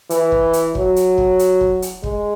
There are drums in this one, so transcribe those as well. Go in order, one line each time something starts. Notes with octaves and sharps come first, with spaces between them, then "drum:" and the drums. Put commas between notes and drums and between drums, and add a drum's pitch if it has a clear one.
E3, drum: hi-hat
drum: kick
drum: hi-hat
F#3, drum: kick
drum: hi-hat
drum: kick
drum: hi-hat
drum: kick
drum: hi-hat
G#3, drum: kick